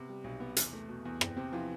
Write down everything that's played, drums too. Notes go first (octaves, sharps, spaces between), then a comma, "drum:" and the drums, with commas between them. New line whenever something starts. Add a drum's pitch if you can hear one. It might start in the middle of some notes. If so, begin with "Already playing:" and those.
Already playing: C3 B3
G3
B1
B3
E2, drum: hi-hat
A3
B2
E2
C4, drum: rim click
C3 C4
E3 F3